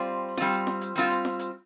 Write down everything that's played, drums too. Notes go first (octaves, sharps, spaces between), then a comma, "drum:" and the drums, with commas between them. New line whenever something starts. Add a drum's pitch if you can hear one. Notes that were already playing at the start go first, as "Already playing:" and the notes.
Already playing: G3 C4 F4
G3 C4 F4, drum: snare F4
drum: hi-hat
drum: snare F4
drum: hi-hat
G3 C4 F4, drum: hi-hat
drum: hi-hat
drum: snare F4
drum: hi-hat